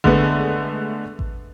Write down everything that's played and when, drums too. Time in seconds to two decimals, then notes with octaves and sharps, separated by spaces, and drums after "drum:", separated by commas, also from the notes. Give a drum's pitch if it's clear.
0.04 D3 G#3 A3 B3, drum: kick A1
1.19 drum: kick A1